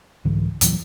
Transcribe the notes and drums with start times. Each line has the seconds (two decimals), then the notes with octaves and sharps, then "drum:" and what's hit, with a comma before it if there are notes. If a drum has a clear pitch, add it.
0.25 C2 G#2 D3 E3
0.61 E2 A#2 E3 F#3, drum: hi-hat